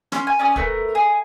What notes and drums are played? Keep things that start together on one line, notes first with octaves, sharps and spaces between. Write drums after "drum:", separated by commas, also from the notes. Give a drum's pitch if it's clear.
C#4 C6 F6, drum: snare
G#5
C#4 D5 G#5 D#6
A3 B3 A#4, drum: kick
G#4